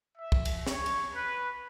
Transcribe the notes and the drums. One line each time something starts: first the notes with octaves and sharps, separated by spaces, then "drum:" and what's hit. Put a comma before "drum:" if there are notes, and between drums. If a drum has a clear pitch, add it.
E5
drum: kick
drum: cymbal
C#5, drum: snare
drum: cymbal
B4